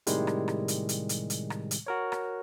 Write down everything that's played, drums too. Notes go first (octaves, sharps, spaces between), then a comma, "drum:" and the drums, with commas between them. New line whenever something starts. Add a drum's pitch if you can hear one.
A2 C3 D#3 G3 G#3, drum: hi-hat
drum: rim click
drum: rim click
drum: hi-hat
drum: hi-hat
drum: hi-hat
drum: hi-hat
drum: rim click
drum: hi-hat
F#4 A#4 C#5
drum: rim click